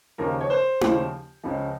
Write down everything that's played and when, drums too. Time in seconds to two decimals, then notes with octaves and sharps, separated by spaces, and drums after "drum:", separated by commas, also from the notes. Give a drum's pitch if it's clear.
0.18 D#2 C#3 F3 A#4
0.41 C#5
0.50 C5
0.81 D#2 C#3 F3, drum: tom E4
1.44 C#2 C#3 F3